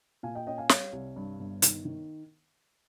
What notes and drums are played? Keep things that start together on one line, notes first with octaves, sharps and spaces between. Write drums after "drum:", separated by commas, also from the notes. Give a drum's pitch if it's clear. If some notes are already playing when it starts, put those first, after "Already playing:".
A#2 F5 G#5
D#5 G5
C#4 D#5 G5
F5 G#5
G3 C#5 F5, drum: snare
C2
G2
G1
D#3, drum: hi-hat
D#3